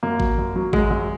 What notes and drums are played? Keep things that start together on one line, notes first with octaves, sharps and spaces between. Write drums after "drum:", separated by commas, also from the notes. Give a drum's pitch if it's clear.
F#2 A#3
F#3, drum: kick G#1
F#2
F#3
F#2 G#3, drum: kick G#1
F#2